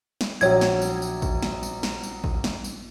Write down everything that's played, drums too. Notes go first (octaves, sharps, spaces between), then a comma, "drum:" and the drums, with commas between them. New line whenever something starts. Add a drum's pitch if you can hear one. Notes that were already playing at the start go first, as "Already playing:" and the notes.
drum: snare
A#1 F#3 C#5 G#6, drum: tambourine
drum: snare
drum: tambourine
drum: tambourine
drum: kick G#1, tambourine
drum: snare
drum: tambourine
drum: snare
drum: tambourine
drum: kick G#1
drum: snare
drum: tambourine